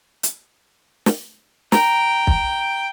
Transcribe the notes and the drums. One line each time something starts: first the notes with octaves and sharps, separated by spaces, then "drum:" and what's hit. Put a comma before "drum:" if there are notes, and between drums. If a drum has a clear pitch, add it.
drum: hi-hat
drum: snare
G5 A#5, drum: snare
drum: kick